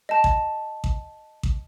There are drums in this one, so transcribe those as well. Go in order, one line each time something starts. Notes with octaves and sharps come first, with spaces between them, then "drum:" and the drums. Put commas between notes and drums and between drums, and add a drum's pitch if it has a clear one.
D#5 A5
drum: kick A1
drum: kick A1
drum: kick A1